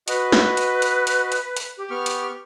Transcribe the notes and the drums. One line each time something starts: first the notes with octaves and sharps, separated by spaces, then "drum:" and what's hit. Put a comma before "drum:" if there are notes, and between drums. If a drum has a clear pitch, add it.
F#4 B4 D#5, drum: hi-hat
drum: snare
drum: hi-hat
drum: hi-hat
drum: hi-hat
drum: hi-hat
drum: hi-hat
G4
B3 C#6 F6
drum: hi-hat